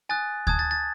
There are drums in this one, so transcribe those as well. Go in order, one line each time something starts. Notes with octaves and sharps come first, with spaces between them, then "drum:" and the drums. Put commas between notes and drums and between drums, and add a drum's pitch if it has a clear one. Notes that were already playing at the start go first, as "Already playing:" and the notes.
G#5 D#6 F#6 A6
A5 D#6 F#6 G#6, drum: kick D2
A6
A6